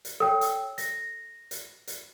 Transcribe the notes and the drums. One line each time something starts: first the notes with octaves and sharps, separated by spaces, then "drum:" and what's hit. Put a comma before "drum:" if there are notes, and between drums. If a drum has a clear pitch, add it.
drum: hi-hat
A4 C#5 G5 E6
drum: hi-hat
A#6, drum: hi-hat
drum: hi-hat
drum: hi-hat